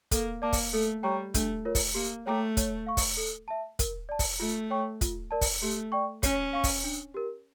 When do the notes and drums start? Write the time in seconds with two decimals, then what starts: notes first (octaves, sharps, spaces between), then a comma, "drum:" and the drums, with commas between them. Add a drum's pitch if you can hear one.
0.11 A#3 A4, drum: kick, hi-hat
0.42 A#3 D5 A5 D6
0.53 drum: kick, open hi-hat
0.73 A3 A4
1.03 G3 C#5 G5 A#5 C#6
1.34 A3 D4, drum: kick, hi-hat
1.65 F4 A#4 C#5
1.75 drum: kick, open hi-hat
1.95 A#3 G4
2.26 A3 C#5 G5 A#5 D6
2.57 C#5, drum: kick, hi-hat
2.87 F5 C#6
2.97 drum: kick, open hi-hat
3.17 A4
3.48 E5 A5
3.79 A#4, drum: kick, hi-hat
4.09 D5 A5
4.19 drum: kick, open hi-hat
4.40 A3 F4
4.70 C#5 G5 C#6
5.01 F4, drum: kick, hi-hat
5.31 A#4 D5 A5
5.41 drum: kick, open hi-hat
5.62 A3 G4
5.92 D5 G5 C#6
6.23 C#4 C#5, drum: kick, hi-hat
6.53 F5 C#6
6.64 drum: kick, open hi-hat
6.84 D4
7.14 G4 A#4